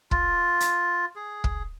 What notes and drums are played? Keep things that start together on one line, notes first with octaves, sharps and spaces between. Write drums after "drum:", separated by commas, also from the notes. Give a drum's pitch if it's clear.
F4, drum: kick
drum: hi-hat
G#4
drum: kick